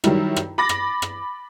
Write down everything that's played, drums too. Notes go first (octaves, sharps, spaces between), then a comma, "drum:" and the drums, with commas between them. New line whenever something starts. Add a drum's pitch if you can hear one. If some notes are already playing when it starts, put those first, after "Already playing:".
D#3 F#3 G3 E4, drum: rim click
drum: rim click
B5 D6 A6 A#6
drum: rim click
drum: rim click